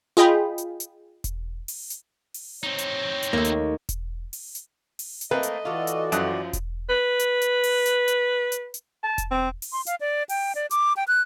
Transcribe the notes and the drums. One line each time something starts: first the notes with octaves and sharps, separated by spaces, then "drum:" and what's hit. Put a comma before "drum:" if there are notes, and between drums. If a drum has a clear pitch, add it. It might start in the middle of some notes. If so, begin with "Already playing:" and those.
F4 G#4 D#5 G5 B5
drum: hi-hat
drum: hi-hat
drum: kick E1, hi-hat
drum: open hi-hat
drum: hi-hat
drum: open hi-hat
C4 D#4 C#5
drum: hi-hat
drum: hi-hat
D#2 A3 A#3
drum: hi-hat
drum: kick E1, hi-hat
drum: open hi-hat
drum: hi-hat
drum: open hi-hat
drum: hi-hat
A3 A#3 C4 B4 D#5
drum: hi-hat
E3 F4 F#4 A4 D5
drum: hi-hat
F#2 F3 D#6 F#6, drum: hi-hat
drum: kick E1, hi-hat
B4
drum: hi-hat
drum: hi-hat
drum: open hi-hat
drum: hi-hat
drum: hi-hat
drum: hi-hat
drum: hi-hat
A5
drum: kick E1, hi-hat
C4
drum: open hi-hat
C6
F5, drum: hi-hat
D5
G5, drum: open hi-hat
D5
D6, drum: hi-hat
G5
F#6